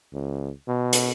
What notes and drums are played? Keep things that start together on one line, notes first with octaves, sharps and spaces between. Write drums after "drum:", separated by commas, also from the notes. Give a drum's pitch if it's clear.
C#2
B2
drum: hi-hat